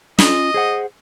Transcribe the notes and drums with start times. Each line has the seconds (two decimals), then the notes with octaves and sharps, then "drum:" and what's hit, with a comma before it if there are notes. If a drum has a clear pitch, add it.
0.19 C#4 F4 D#5, drum: snare
0.54 G#4 C5 F#5